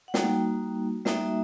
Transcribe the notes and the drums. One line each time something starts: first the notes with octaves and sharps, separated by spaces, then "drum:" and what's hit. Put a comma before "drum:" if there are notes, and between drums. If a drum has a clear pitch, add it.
F#5
G3 A#3 D#4 F#4 G5, drum: snare
G3 A#3 D#4 F#4 E5, drum: snare